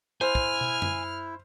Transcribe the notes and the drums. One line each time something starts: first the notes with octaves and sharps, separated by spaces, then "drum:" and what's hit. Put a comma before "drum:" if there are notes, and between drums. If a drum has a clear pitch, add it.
E4 C5 G#5 F6
drum: kick
drum: tom
drum: tom F#2